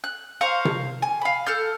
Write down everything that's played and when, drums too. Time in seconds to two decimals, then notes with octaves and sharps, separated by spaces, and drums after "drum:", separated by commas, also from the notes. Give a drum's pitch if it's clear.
0.04 F#6
0.41 C5 F5 A#5 C#6
0.65 drum: tom C3
1.02 G#5
1.21 F5 B5
1.46 A4 F6 G6